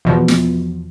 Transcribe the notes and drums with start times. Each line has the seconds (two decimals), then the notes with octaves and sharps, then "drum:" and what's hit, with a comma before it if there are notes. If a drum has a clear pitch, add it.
0.05 E2 B2 F3
0.28 drum: snare